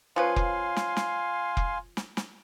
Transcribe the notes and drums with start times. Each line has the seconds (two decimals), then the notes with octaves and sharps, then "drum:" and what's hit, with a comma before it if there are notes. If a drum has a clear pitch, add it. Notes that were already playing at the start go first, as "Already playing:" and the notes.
0.16 F3 C#4 B4 F5 G#5 C6
0.36 drum: kick F1
0.76 drum: snare
0.97 drum: snare
1.57 drum: kick F1
1.97 drum: snare
2.17 drum: snare